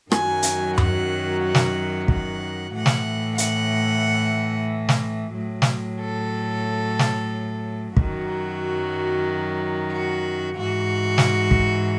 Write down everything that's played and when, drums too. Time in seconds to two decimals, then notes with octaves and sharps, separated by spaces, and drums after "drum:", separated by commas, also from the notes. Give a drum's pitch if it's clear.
0.12 F#2 D#3 F#3 G#5, drum: rim click
0.43 drum: hi-hat
0.78 F#5, drum: tom F#2
1.42 F#5
1.55 drum: snare
2.08 F#5, drum: kick
2.73 A2 E3 F#5
2.86 drum: snare
3.38 F#5, drum: hi-hat
4.89 drum: snare
5.34 A2 F#3
5.62 drum: snare
6.00 A4
6.99 drum: snare
7.97 F#2 D#3 F#3 F#4, drum: kick
9.92 F#4
10.58 G#2 E3 F#4
11.18 drum: snare
11.51 drum: kick